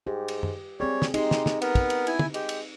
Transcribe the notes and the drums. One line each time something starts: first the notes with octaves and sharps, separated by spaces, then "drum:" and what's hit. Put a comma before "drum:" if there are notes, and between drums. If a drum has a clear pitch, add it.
G#2 G4
drum: cymbal
drum: tom F#2
G3 C4 G#4 C#5
drum: snare
G#3 D#4 G4 C6, drum: cymbal
drum: snare
drum: snare
B3 A#4, drum: cymbal
drum: kick, cymbal
drum: cymbal
E4 G#5, drum: cymbal
drum: tom
G#3 G4, drum: cymbal
drum: cymbal